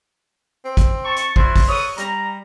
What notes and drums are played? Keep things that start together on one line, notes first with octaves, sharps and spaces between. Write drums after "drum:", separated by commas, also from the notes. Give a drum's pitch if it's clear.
C4
drum: kick, hi-hat
A5 C#6
drum: hi-hat
E4 F#4 C5 D5, drum: kick
drum: kick, open hi-hat
A4 B4 C#5 D#6
G3 A#5, drum: hi-hat